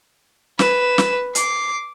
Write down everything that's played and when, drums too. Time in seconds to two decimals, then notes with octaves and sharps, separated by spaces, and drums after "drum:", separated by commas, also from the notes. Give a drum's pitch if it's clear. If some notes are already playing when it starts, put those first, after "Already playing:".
0.59 B4 E7, drum: snare
0.98 drum: snare
1.35 D6 C7, drum: hi-hat